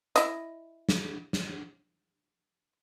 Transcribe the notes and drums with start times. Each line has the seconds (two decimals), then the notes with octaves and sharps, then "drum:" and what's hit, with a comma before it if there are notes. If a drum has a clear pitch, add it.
0.16 E4 D#5, drum: hi-hat
0.89 drum: snare
1.33 drum: snare